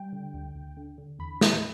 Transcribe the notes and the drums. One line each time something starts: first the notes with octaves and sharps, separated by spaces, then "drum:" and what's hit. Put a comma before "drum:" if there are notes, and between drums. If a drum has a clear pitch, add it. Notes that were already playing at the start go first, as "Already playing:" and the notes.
Already playing: G3 G5
D3
D2
D2
D3
D3
E2 B5
E2, drum: snare